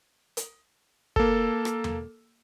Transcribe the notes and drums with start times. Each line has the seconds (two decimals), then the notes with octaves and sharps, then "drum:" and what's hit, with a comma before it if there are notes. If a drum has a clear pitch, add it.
0.37 drum: hi-hat
1.16 A#3 A4, drum: kick
1.65 drum: rim click
1.84 drum: tom E2